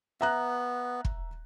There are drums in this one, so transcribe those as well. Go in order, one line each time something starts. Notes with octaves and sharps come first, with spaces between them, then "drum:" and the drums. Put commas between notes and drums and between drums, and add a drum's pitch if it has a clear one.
B3 E5 A#5 F#6
drum: kick